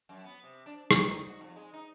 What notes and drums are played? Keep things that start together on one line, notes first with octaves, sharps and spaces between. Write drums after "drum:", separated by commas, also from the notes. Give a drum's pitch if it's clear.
F#2
B3
C3
D4
C4, drum: rim click
D#4
F#4
F2
G#3
D#4